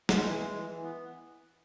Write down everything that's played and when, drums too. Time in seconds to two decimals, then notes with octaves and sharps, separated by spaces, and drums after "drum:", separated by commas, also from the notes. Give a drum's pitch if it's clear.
0.09 G#3, drum: snare
0.23 E3
0.39 G#3
0.53 E3
0.69 E3
0.83 B3